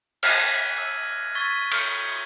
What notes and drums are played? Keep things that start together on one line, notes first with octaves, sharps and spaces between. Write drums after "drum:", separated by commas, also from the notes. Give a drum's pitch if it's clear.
F6 F#6 G#6 A#6 B6 D#7, drum: cymbal
E6
C#6 E6 G#6 A6 B6 G7
F6 G6 C#7, drum: cymbal